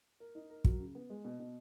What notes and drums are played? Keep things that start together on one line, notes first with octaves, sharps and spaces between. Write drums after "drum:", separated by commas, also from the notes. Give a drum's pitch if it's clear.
A#4
D#4
A#4
F#3, drum: kick
C#3
B3
G#3
B2
B2